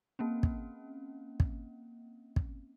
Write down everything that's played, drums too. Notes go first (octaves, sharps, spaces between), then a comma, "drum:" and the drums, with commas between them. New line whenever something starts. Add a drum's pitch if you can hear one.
A#3 C4 C#4
drum: kick
drum: kick
drum: kick